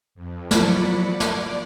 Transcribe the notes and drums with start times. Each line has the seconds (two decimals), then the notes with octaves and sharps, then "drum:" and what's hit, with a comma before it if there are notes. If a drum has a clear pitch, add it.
0.15 F2
0.51 F3 F#3 D5 B5 C#7, drum: snare
1.00 D5 D6
1.20 drum: snare